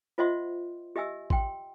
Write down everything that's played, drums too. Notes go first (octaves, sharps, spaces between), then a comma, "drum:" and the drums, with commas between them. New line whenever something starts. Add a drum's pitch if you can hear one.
F4 C5 D#5 E5 F#5 C6
G4 D#5 E5 G#5 E6
G5 C6, drum: kick A1